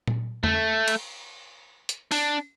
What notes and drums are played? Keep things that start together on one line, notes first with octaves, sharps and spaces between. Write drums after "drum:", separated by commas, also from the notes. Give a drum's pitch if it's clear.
drum: tom A#2
A3, drum: tom E2
drum: cymbal
drum: hi-hat
D4, drum: open hi-hat